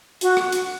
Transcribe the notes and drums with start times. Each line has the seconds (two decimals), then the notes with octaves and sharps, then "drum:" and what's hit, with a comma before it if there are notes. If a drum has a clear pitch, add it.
0.21 F#4, drum: hi-hat
0.37 drum: rim click
0.52 drum: hi-hat